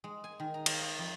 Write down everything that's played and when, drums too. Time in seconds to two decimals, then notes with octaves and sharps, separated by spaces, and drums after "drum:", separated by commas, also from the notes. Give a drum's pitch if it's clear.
0.04 G#3
0.24 G#5
0.40 D#3
0.54 A#5
0.66 F5, drum: cymbal
0.81 C#5
0.99 F2